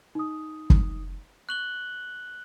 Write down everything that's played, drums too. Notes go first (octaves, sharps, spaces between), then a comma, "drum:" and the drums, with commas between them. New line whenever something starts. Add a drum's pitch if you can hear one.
D#4 D#6
drum: kick
C#6 F#6 F#7 G7